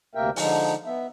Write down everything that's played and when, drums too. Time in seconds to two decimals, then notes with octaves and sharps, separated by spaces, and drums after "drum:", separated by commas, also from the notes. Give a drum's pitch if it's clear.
0.15 D2 C3 A#3 A#4 E5 G5
0.36 D3 F3 G#3 D#4, drum: open hi-hat
0.86 B3 E5